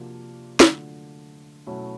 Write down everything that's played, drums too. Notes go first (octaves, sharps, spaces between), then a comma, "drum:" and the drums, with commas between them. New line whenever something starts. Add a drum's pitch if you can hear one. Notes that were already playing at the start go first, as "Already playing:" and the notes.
Already playing: C3 F3 A#3 D4 F#4
D3 F#3 A3 D4 F4, drum: snare
B2 F#3 A3 C#4 E4